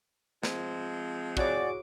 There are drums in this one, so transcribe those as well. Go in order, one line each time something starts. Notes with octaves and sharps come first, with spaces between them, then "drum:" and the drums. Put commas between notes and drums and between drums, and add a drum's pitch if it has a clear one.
F3 G#3 C4, drum: snare
E4 F#4 G#4 B4 C#5 D5 D6, drum: kick